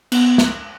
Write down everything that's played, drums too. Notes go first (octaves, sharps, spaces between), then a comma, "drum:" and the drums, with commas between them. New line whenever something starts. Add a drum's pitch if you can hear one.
B3, drum: cymbal
drum: snare